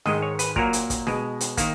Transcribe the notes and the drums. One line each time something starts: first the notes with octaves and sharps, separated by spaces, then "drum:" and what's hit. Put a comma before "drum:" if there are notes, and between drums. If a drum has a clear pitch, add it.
G#2 D#3 G#3 D#5, drum: snare D4
C#5
B4, drum: hi-hat
A#2 F#3 A#3 A#4, drum: kick
drum: hi-hat
drum: kick, hi-hat
B2 G#3, drum: snare D4
drum: hi-hat
D#3 A#3, drum: kick, hi-hat